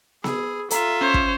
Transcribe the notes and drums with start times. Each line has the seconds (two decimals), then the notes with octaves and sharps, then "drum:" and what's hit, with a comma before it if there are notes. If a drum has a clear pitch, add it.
0.24 G#4 B5 E6, drum: snare B3
0.70 F4 A4 E5 A#5, drum: hi-hat
1.01 C#4 C5 C#5
1.14 drum: kick